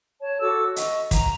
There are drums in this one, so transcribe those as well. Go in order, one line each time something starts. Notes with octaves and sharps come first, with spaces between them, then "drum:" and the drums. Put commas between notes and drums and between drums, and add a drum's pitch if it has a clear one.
C#5 A5
F#4 A4 D6 E6
D#5 C#6, drum: hi-hat
A#5, drum: kick, hi-hat